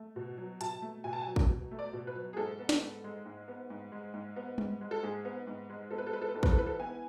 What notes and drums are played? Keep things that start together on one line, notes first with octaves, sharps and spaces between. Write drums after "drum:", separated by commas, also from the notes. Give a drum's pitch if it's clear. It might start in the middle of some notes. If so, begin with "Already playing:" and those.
Already playing: A3
B2
F#3
B2 A5, drum: hi-hat
A3
B2 G#5
A5
G#5
F#3
drum: kick
B2
A3
D5
B2
B4
F#3
G#4
G#2 A4
B3
drum: snare
G#2
G#3
G#2
B3
G#2
G#3
G#2
B3
G#2, drum: tom G3
G#3
A4
G#2 G#4
B3
G#2
G#3
B3 A4
B4
A4
G#3 B4
A4
B4
G#2 A4
B4, drum: kick
A4
E3 B4
A4
B3 G#5